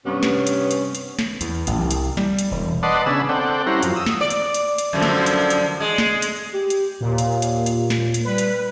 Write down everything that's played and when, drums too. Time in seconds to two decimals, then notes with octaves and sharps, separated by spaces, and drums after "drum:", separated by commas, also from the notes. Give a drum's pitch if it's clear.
0.05 G2 C3 B3 C#4
0.23 drum: snare
0.47 drum: hi-hat
0.71 drum: hi-hat
0.95 drum: hi-hat
1.19 drum: snare
1.41 E2, drum: hi-hat
1.67 A1, drum: hi-hat
1.81 C2
1.91 drum: hi-hat
2.17 G3, drum: snare
2.39 drum: hi-hat
2.51 E1
2.83 B4 D5 D#5 F#5 A5 C6
3.06 C#3 B3 D4 G#4 B5 E6
3.29 C4 A4 D5 F#5 G5
3.66 G3 C#4 E4 C5 F#5 A#5
3.82 F#2 F3, drum: hi-hat
3.96 D#6 E6
4.06 drum: snare
4.21 D5
4.30 drum: hi-hat
4.54 drum: hi-hat
4.78 drum: hi-hat
4.93 F#2 D3 F3
5.02 drum: snare
5.26 drum: hi-hat
5.50 drum: hi-hat
5.81 G#3
5.98 drum: snare
6.22 drum: hi-hat
6.54 G4
6.70 drum: hi-hat
7.01 D#2 A#2
7.18 drum: hi-hat
7.42 drum: hi-hat
7.66 drum: hi-hat
7.90 drum: snare
8.14 drum: hi-hat
8.25 G3 B4
8.38 drum: hi-hat